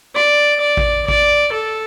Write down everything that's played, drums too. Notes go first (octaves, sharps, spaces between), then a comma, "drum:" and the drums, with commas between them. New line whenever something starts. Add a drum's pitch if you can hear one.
D5, drum: rim click
D5
drum: kick A1
D5, drum: kick A1
A4